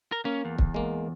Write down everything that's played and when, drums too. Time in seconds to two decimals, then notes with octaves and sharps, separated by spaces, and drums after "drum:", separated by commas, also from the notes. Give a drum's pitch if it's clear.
0.12 A#4
0.25 A#3 C#4
0.45 E2
0.59 drum: kick
0.74 G#3 A#3